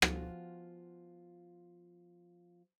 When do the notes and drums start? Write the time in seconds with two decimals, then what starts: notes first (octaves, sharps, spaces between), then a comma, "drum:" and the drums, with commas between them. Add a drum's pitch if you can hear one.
0.02 F3 B3 F4 F#4 G#5, drum: rim click